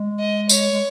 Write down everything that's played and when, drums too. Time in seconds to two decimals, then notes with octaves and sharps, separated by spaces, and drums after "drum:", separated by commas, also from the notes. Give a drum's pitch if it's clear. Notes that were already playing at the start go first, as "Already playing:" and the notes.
Already playing: G#3
0.20 D#5
0.49 C#5, drum: tambourine
0.72 G#3